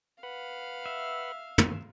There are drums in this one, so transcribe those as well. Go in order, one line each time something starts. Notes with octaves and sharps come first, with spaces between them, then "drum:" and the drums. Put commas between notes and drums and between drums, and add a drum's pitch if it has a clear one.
B4 F5 F#5 B5
E5
drum: tom